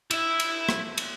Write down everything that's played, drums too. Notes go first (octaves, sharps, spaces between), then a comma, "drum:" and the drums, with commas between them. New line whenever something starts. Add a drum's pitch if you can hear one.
E4 E5, drum: cymbal
drum: cymbal
drum: rim click
drum: cymbal